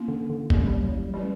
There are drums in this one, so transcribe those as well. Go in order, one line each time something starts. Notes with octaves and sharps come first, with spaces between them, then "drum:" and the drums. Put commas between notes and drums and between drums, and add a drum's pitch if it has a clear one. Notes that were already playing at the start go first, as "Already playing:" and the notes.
Already playing: A#3 C#4 E4
D3
D3
G3 A#3 C#4 E4, drum: kick
G3
F#3
G3
G3 A3 C#4 E4 G4 B4